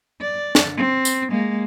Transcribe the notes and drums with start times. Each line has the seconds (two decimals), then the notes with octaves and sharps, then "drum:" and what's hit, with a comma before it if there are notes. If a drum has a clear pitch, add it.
0.21 D5
0.55 drum: snare
0.77 C4
1.05 drum: tambourine
1.30 G#3 A#3